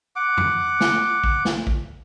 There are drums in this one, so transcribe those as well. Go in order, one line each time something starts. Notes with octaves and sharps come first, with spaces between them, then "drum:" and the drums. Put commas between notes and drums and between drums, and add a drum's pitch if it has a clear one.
F#5 D6
drum: tom F2
drum: snare
drum: kick A1
drum: snare
drum: kick A1